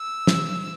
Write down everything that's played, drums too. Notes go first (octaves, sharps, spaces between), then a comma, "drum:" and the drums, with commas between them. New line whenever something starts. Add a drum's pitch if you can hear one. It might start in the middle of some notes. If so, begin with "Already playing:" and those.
Already playing: E6
drum: snare